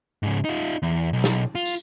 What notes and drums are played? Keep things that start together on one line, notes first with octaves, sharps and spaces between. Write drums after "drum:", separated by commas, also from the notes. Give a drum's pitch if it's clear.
G#2 C#3
D#4 F4
E2
B1
drum: snare
F4
drum: tambourine